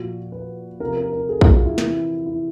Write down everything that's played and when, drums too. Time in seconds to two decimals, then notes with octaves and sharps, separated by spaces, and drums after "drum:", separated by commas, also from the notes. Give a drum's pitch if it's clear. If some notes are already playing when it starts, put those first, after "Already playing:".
Already playing: A#2 F3 F#4
0.32 B4
0.80 C3 F3 A#4
0.97 A#4
1.13 A#4
1.29 G#4
1.41 F#4, drum: kick
1.53 F4
1.66 E4
1.78 C3 E3, drum: snare
2.26 E4